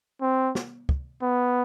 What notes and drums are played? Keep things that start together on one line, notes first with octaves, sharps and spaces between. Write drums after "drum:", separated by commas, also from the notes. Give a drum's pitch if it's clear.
C4
drum: snare
drum: kick
B3